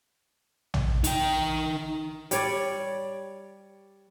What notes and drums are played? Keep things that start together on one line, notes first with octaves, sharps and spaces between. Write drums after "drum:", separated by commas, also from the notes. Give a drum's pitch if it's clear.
drum: tom
D#4 G5, drum: hi-hat
G3 C#5 D5, drum: hi-hat